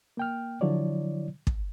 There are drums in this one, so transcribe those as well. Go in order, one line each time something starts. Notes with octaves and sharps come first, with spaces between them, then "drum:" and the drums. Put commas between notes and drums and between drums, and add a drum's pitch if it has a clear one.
A#3 G5 F6
D3 F3 F#3 E4 C#5 D5
drum: kick